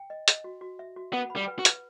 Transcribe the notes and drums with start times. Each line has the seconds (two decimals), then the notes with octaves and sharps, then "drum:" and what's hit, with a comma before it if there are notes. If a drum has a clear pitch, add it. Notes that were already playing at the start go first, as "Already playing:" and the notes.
Already playing: G5
0.10 D#5
0.28 D#5, drum: hi-hat
0.44 F#4
0.61 F#4
0.79 E5
0.96 F#4
1.13 B3 F#5
1.30 B5
1.36 G3
1.48 B4
1.59 F#4
1.65 B4, drum: hi-hat